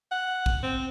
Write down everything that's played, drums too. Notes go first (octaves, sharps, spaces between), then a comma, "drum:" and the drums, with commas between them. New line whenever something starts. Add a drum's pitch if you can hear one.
F#5
drum: kick A#1
C4